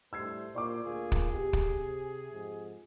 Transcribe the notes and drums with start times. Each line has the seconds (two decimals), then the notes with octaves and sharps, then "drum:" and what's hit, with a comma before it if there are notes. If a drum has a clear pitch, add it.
0.13 A2 G3 A3 C5 E6 G#6 C7
0.55 A#2 D5 C#6 D6
0.85 D2 A#3 F4 G#4
1.12 drum: kick
1.32 B2 G4
1.53 drum: kick
1.65 C3
2.33 F2 G#2